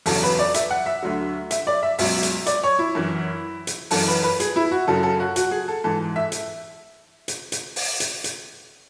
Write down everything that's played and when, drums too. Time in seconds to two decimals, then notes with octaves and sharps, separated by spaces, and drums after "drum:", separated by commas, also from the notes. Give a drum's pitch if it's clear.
0.06 E2 C#3 F#3 A4, drum: open hi-hat
0.23 B4
0.39 D5
0.54 E5, drum: hi-hat
0.70 F#5
0.86 E5
1.03 D2 D3 F#3
1.51 E5, drum: hi-hat
1.67 D5
1.83 E5
1.99 C#2 B2 F#3 E5, drum: open hi-hat
2.23 drum: hi-hat
2.46 D5, drum: hi-hat
2.63 C#5
2.79 E4
2.95 F#2 E3
3.67 drum: hi-hat
3.91 F#2 E3 A4, drum: open hi-hat
4.07 B4
4.23 B4
4.40 G#4, drum: hi-hat
4.56 E4
4.71 F#4
4.87 F#2 C#3 F#3 A4
5.03 A4
5.20 F#4
5.36 F#4, drum: hi-hat
5.51 G#4
5.68 A4
5.84 G#2 E3 A4
6.16 E5
6.32 drum: hi-hat
7.28 drum: hi-hat
7.52 drum: hi-hat
7.76 drum: open hi-hat
8.00 drum: hi-hat
8.24 drum: hi-hat